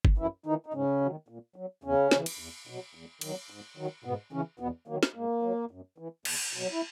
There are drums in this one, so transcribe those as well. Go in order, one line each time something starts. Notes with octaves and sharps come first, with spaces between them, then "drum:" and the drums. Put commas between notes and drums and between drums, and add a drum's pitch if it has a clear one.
drum: kick
F#2 E3 E4
D#3 E3 D#4
D#4
G#2 C#3 C#4
F#3
D#3
A#2
F#3
E2 C#3 C#4
C#3 E3, drum: snare
drum: cymbal
E2
B2 F#3
E2
D#3 F#3, drum: cymbal
G#2
D#3 F#3
G#2 B2 B3
C#3 E3 C#4
E2 B2 B3
D#3 F#3 A#3
drum: snare
G#2 A#3
F#3
F#2
E3
E2, drum: cymbal
B2 F#3
E4